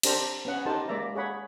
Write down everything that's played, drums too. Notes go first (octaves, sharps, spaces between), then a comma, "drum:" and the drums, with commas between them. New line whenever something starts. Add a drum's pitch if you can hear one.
C4 D4 G4 A#4 C5 A#5, drum: cymbal
B3 C#4 F#5
D#4 G4 A#4 C5 A5
G#3 A#3 D5 E5 A#5
G#4 C#5 F#5 B5